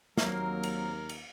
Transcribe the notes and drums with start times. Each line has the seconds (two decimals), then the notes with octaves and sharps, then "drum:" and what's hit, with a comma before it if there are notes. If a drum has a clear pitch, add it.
0.17 D#2 F#3 A#3 C4 A#4, drum: snare
0.63 drum: cymbal
1.09 drum: cymbal